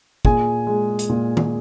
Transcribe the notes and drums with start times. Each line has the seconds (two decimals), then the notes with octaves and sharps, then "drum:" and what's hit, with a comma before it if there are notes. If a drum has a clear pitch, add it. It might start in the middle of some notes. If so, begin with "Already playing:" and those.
0.25 A#2 G#4 G#5, drum: kick
0.67 G#3
0.99 drum: hi-hat
1.09 A#2
1.37 drum: tom D#3